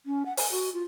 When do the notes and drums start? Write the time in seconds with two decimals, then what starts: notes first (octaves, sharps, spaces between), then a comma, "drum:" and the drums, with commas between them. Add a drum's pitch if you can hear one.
0.06 C#4
0.26 F#5
0.37 G#5, drum: open hi-hat
0.51 F#4
0.73 F4